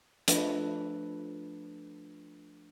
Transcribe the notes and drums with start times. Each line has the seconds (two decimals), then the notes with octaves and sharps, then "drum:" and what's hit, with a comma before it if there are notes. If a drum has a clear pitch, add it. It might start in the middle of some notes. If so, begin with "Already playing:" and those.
0.28 F3 A3 D4 F4 A4 B4, drum: hi-hat